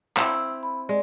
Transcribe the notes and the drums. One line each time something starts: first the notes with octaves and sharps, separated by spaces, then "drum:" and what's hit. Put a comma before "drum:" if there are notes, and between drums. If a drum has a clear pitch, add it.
C4 E4 E6, drum: clap
B5
G#3 D5